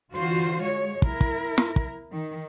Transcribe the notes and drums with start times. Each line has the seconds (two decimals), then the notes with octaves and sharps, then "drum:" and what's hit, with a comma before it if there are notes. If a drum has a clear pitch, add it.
0.12 D3 E3 F4 F#4 C5
0.61 G#3 C#5
1.02 E4 A#4, drum: kick
1.21 drum: kick
1.58 drum: snare
1.76 drum: kick
2.11 D#3